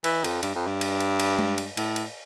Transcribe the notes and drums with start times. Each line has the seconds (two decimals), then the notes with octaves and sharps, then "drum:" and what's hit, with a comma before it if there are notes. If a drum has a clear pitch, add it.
0.04 E3, drum: cymbal
0.24 F2, drum: cymbal
0.43 G2, drum: cymbal
0.55 F2
0.67 G2
0.81 drum: cymbal
1.00 drum: cymbal
1.20 drum: cymbal
1.39 drum: tom G#3
1.58 drum: cymbal
1.77 A2, drum: cymbal
1.96 drum: cymbal